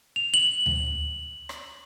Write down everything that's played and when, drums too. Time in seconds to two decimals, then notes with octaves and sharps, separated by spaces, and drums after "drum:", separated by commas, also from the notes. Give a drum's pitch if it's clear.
0.16 F7
0.34 F#7
0.66 drum: tom D2
1.49 drum: rim click